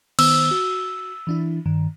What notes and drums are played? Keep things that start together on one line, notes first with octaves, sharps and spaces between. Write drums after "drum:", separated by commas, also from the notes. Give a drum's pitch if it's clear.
D#3 B3 C5 E6, drum: cymbal
F#4
E3 D4 E4
G2 D#3